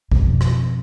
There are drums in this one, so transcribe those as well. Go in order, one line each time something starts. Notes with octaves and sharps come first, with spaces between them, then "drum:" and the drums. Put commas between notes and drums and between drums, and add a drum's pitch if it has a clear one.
F2 B2, drum: kick G#1
drum: rim click